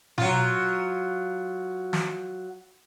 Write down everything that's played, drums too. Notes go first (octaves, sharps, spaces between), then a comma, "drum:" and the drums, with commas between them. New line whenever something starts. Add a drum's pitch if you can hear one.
F#3 F4, drum: tom B2
drum: snare